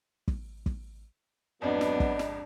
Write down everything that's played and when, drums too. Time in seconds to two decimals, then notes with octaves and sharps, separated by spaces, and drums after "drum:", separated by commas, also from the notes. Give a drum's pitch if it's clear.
0.28 drum: kick
0.66 drum: kick
1.62 G#1 F2 F#3 B3 D4 D5 D#5 B5
1.81 drum: snare
2.00 drum: kick
2.19 drum: snare